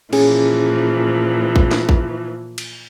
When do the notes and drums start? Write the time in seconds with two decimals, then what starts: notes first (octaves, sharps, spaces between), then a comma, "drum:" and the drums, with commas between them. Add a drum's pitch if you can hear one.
0.13 A#2 E3 F3 C#4 G#4, drum: cymbal
1.56 drum: kick A1
1.71 drum: snare
1.89 drum: kick A1
2.58 drum: cymbal